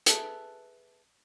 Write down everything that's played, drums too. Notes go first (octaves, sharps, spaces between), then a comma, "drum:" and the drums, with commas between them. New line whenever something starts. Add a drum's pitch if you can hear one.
G#4 A4 B4 E5, drum: hi-hat